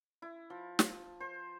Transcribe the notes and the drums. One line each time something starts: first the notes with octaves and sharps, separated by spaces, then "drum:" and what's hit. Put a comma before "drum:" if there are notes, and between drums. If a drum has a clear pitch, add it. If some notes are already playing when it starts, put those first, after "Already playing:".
E4
F3
drum: snare
C5